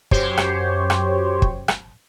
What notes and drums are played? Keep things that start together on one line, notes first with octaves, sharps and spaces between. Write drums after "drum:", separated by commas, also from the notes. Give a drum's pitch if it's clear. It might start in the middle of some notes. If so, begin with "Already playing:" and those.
F#2 G4 C5 C#5, drum: kick
drum: rim click
drum: rim click
drum: kick
drum: rim click